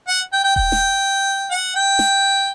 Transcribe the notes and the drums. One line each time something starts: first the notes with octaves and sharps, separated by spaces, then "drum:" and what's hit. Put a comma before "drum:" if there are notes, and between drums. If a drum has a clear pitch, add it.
F#5
G5
G5
G5, drum: kick D#1
drum: snare
F#5
G5
drum: snare